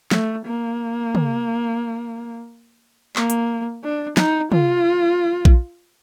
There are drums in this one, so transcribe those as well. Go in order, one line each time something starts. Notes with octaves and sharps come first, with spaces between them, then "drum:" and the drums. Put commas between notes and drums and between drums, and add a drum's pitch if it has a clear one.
A3, drum: snare
A#3
drum: tom
A#3, drum: clap
drum: hi-hat
D4
D#4, drum: snare
F4, drum: tom
drum: kick A#1